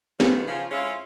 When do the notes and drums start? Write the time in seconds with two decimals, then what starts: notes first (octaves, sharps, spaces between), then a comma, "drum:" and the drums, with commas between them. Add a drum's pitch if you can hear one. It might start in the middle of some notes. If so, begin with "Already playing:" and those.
0.20 D3 D#3 F3 G3 G#3 B3, drum: snare
0.48 C#3 F3
0.71 F2 G#3 C#4 E4 F4